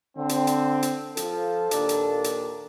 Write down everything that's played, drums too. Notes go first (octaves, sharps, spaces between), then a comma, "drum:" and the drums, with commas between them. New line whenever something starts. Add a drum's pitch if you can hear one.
D3 C4
drum: hi-hat
drum: hi-hat
drum: hi-hat
F3 A4, drum: hi-hat
D#2 A#2 D4, drum: hi-hat
drum: hi-hat
drum: hi-hat